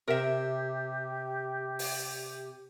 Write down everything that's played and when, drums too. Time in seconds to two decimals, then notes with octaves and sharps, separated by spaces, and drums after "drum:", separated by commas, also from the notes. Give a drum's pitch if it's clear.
0.08 C3 G4 A#4 E5
1.79 drum: open hi-hat